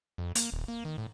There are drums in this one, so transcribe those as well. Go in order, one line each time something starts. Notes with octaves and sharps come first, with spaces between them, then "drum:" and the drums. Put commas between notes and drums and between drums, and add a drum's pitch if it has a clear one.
F2
A#3, drum: hi-hat
D#1
A#3
D#3
A2